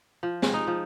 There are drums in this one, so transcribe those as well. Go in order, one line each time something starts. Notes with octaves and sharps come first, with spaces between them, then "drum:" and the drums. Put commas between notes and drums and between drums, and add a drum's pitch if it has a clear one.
F3
G#3, drum: snare
D#4
F3